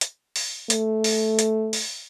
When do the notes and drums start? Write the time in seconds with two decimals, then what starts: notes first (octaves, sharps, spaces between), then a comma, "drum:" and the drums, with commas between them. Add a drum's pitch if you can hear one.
0.01 drum: hi-hat
0.36 drum: open hi-hat
0.70 A3, drum: hi-hat
1.04 drum: open hi-hat
1.39 drum: hi-hat
1.73 drum: open hi-hat